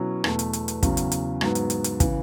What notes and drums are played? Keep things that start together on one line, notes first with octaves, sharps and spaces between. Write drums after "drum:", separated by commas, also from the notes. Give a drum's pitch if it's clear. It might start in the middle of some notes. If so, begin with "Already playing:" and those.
Already playing: B2 F#3 C#4 E4
E2 B2 A3, drum: rim click
drum: hi-hat
drum: hi-hat
drum: hi-hat
E2 C#3 F#3, drum: kick, hi-hat
drum: hi-hat
drum: hi-hat
G#2 F#3 B3, drum: rim click
drum: hi-hat
drum: hi-hat
drum: hi-hat
C#3 E3, drum: kick, hi-hat